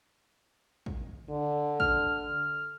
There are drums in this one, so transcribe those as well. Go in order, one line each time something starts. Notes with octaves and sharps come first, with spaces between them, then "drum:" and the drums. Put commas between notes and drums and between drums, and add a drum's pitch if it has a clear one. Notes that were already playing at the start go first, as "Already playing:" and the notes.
drum: kick
D3
F6, drum: kick